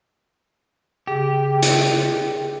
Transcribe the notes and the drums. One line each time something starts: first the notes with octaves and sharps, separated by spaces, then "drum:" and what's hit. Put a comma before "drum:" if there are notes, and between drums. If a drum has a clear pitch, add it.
C#3 G4 G#4
drum: hi-hat